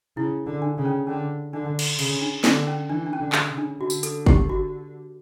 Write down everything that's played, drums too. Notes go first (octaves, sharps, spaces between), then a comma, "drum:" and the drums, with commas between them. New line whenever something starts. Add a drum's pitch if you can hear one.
C#3 E4
D3
D4
C#3
C#4
D3 C#4
D3 D4
drum: cymbal
C#3, drum: cymbal
D4
D3 D4, drum: snare
C#4
E3 D4
D4
C#4
D3
drum: clap
C#3
D4
D3 F#4
drum: tambourine
A4, drum: hi-hat
G4, drum: kick
F#4